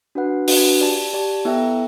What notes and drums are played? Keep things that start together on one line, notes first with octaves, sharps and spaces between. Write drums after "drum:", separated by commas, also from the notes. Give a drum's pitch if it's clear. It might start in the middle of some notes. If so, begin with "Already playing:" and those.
D4 F#4 B4 F#5
D4 F#4 B4 F#5, drum: open hi-hat
G4 D5 A5
G4 D5 A5
B3 E4 A4 E5 G5